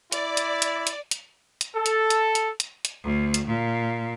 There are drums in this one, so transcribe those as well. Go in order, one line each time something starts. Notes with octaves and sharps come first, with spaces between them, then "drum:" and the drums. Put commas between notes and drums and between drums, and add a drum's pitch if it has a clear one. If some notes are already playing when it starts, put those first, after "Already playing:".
E4 D5, drum: hi-hat
drum: hi-hat
drum: hi-hat
drum: hi-hat
drum: hi-hat
drum: hi-hat
A4
drum: hi-hat
drum: hi-hat
drum: hi-hat
drum: hi-hat
drum: hi-hat
D2
drum: hi-hat
A#2